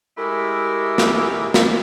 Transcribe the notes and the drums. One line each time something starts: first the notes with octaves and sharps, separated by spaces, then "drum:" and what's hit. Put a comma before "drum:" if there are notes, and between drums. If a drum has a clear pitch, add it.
G#3 A3 E4 G4 A#4
drum: snare
drum: snare